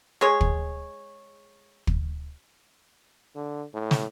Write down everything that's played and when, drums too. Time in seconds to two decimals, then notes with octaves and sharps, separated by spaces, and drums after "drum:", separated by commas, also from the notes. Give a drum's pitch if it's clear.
0.21 G#3 G#4 C#5
0.41 drum: kick
1.87 drum: kick
3.36 D3
3.74 A2
3.91 drum: snare